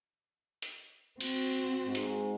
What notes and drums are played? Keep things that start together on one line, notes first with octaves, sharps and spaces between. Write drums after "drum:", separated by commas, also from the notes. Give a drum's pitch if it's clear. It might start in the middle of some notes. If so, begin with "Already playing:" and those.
drum: hi-hat
C4 F#4, drum: cymbal
G#2
drum: hi-hat